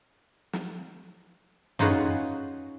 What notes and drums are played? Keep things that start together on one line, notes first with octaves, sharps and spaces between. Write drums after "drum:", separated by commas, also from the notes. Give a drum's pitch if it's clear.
drum: snare
C#4 D#4 F4 F#4 G#4 B4, drum: tom F#2